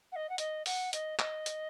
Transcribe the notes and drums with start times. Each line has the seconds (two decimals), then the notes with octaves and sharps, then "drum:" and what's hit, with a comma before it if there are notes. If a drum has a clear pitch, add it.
0.12 F#5
0.16 D#5
0.29 F#5
0.38 D#5, drum: hi-hat
0.66 F#5, drum: open hi-hat
0.93 D#5, drum: hi-hat
1.19 D#5, drum: clap
1.46 drum: hi-hat